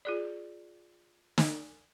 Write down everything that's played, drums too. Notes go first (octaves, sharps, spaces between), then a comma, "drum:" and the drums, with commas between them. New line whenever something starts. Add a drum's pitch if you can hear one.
F4 G#4 D5
drum: snare